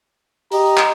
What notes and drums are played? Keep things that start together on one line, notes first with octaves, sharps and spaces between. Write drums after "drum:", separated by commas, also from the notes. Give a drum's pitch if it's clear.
G4 D#5 A#5, drum: open hi-hat
drum: clap